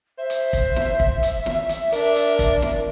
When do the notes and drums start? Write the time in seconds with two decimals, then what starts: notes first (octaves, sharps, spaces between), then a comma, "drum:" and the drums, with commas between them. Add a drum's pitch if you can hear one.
0.18 C5 E5
0.30 drum: hi-hat
0.53 drum: kick, hi-hat
0.76 drum: snare
1.00 drum: kick
1.23 drum: hi-hat
1.46 drum: snare
1.69 drum: hi-hat
1.92 D4 A#4, drum: hi-hat
2.16 drum: hi-hat
2.39 drum: kick, hi-hat
2.62 drum: snare